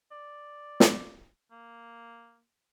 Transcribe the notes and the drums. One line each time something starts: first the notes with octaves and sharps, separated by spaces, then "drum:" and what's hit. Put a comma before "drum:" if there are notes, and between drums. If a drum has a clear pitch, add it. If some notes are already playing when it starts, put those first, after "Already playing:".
D5
drum: snare
A#3